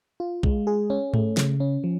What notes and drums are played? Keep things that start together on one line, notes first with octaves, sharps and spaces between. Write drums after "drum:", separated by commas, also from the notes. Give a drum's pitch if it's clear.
F4
G#3, drum: kick
G#4
C#4
A3, drum: tom G#2
C#3, drum: snare
C#4
F3